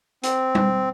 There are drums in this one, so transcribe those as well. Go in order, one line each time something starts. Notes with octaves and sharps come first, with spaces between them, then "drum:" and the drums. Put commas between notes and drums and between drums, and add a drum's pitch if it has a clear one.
C4, drum: hi-hat
drum: tom G3